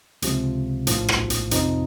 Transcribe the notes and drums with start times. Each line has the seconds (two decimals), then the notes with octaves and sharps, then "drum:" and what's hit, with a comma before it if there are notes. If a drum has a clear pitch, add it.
0.22 C#2 C3 F3, drum: hi-hat
0.87 A#1 A2 F3, drum: hi-hat
1.08 drum: rim click
1.30 drum: hi-hat
1.51 F2 C3 F3 D#4, drum: hi-hat